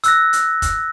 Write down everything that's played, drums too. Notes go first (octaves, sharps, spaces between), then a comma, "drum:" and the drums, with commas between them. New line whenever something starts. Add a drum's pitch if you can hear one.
E6 F#6 A#6, drum: hi-hat
drum: hi-hat
drum: kick, hi-hat